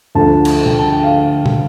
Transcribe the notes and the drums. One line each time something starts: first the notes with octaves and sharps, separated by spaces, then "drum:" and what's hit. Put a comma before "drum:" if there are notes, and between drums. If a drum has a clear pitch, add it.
D2 D3 F3 A3 A5
drum: cymbal
G5, drum: tom
A5
G5
F5
drum: tom